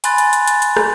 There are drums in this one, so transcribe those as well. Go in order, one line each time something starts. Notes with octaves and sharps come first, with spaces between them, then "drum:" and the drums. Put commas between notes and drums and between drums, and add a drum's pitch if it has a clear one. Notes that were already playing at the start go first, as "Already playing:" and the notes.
G#5 B5 C6 F#6 A6, drum: hi-hat
drum: hi-hat
drum: hi-hat
drum: hi-hat
drum: hi-hat
drum: rim click